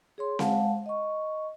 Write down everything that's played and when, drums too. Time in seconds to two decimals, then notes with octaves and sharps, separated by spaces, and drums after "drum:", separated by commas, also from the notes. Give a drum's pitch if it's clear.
0.18 G#4 C#5 C6
0.39 G#3 F5 F#5 A5, drum: snare C4
0.86 D#5 C#6